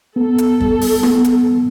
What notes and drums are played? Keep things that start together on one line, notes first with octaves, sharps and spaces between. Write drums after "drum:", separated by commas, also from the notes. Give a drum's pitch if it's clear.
B3 A4
drum: hi-hat
G3, drum: kick
drum: open hi-hat
B3, drum: rim click
drum: hi-hat
B3